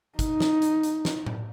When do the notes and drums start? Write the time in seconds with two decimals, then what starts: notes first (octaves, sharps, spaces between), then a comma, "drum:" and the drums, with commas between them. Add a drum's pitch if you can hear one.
0.19 D#4, drum: kick, hi-hat
0.40 drum: snare
0.62 drum: hi-hat
0.83 drum: hi-hat
1.05 drum: snare
1.26 drum: tom A2